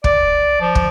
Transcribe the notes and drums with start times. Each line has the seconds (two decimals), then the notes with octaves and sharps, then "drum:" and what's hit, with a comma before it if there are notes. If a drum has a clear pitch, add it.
0.04 D5, drum: kick
0.61 F3
0.75 drum: kick